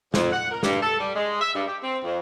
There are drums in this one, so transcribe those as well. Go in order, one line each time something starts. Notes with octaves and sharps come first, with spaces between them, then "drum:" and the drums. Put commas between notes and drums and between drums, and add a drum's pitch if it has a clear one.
F2, drum: snare
F#5
A#4
G2, drum: snare
A4
G3
G#3
E5
G2
G4
C4
F2